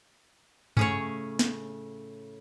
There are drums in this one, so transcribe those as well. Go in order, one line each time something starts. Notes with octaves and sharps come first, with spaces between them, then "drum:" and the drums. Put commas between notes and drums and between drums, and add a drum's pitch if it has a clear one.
A2 C#3 C#4 G#4 C#5, drum: tom G2
drum: snare